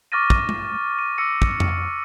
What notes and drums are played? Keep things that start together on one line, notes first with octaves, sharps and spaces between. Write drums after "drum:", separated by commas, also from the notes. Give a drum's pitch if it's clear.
C#6 D6 F6 A6 A#6 D#7
drum: kick
drum: tom G#3
D#7
D6 E6 A#6 C#7 D#7
drum: kick
drum: tom F2